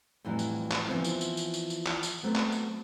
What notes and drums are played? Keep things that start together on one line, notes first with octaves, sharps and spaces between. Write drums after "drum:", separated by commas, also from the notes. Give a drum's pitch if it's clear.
F2 A2 E3 F#3 G3
drum: tambourine
drum: clap
E3 F3 B3 C4
drum: tambourine
drum: tambourine
drum: tambourine
drum: tambourine
drum: tambourine
drum: clap
drum: tambourine
F#3 A3 B3 C4
drum: clap
drum: tambourine